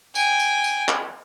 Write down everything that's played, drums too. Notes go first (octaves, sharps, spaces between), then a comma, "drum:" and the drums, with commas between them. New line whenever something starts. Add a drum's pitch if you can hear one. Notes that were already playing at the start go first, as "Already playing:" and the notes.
G5 G#5, drum: tambourine
drum: tambourine
drum: tambourine
drum: clap